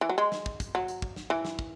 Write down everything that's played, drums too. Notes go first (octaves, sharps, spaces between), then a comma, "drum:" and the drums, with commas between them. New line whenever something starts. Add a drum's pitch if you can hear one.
E3
F#3
G#3
drum: snare
drum: kick
drum: kick, hi-hat
F#3
drum: hi-hat
drum: kick
drum: snare
E3
drum: snare
drum: kick